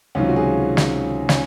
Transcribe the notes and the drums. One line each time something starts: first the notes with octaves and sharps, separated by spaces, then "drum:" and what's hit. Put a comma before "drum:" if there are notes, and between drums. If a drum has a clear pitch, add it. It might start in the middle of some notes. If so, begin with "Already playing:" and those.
C#2 C3 D#3 F#3 C#4 F4
F#4
F4 G#4
C#4, drum: snare
C#4, drum: snare